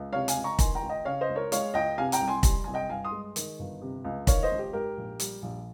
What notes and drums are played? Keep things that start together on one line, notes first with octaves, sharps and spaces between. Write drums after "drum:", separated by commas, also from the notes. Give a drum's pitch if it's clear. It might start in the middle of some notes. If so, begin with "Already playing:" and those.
Already playing: C#2
C3 C#5 F5
F5 G#5, drum: hi-hat
C#2
A#5 C#6
D#3 G#5 C6, drum: kick, hi-hat
G5 A#5
C#2
D#5 G5
C#3 C#5 F5
C5 D#5
C#2
A#4 C#5
G#3 C#5 F5, drum: hi-hat
C#2 D#5 G5
C3 F5 G#5
G5 A#5, drum: hi-hat
C2
G#5 C6
G3 G#5 C6, drum: kick, hi-hat
C2 G#5
D#5 G5
G2 F5 G#5
C6 D#6
G#3
D#3, drum: hi-hat
G1
C3
C#2
D#3 C#5 F5, drum: kick, hi-hat
C5 D#5
C#2
G4
G#2 G4 A#4
A#1
G3, drum: hi-hat
A#1